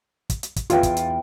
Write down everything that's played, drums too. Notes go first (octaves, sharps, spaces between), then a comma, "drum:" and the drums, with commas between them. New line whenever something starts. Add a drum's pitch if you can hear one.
drum: kick, hi-hat
drum: hi-hat
drum: kick, hi-hat
E2 F4 G5, drum: hi-hat
drum: kick, hi-hat
drum: hi-hat